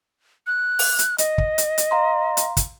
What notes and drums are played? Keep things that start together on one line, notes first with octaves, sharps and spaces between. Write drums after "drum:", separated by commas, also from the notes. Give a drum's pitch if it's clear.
F#6
drum: open hi-hat
drum: hi-hat
D#5, drum: hi-hat
drum: kick
drum: hi-hat
drum: hi-hat
F5 A#5 C6
drum: hi-hat
drum: kick, hi-hat